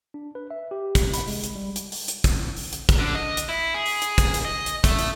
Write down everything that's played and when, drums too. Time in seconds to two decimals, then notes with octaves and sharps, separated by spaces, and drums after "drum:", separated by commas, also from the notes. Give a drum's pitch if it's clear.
0.14 D4
0.35 B4
0.51 E5
0.71 G4
0.95 C3, drum: kick, hi-hat
1.14 B5, drum: hi-hat
1.28 G#3, drum: open hi-hat
1.44 drum: hi-hat
1.56 G3
1.76 drum: hi-hat
1.92 drum: open hi-hat
2.08 drum: hi-hat
2.24 drum: kick, hi-hat
2.57 drum: open hi-hat
2.73 drum: hi-hat
2.89 drum: kick, hi-hat
2.99 D3 D4
3.15 D#5
3.37 drum: hi-hat
3.49 E4
3.74 G#4
3.86 drum: open hi-hat
4.02 drum: hi-hat
4.18 drum: kick, hi-hat
4.34 drum: hi-hat
4.45 D#5
4.66 drum: hi-hat
4.84 A3, drum: kick, hi-hat
4.99 drum: hi-hat